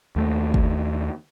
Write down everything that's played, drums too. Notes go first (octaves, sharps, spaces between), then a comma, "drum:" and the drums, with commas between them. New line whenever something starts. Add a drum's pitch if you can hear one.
D#2 A3
drum: kick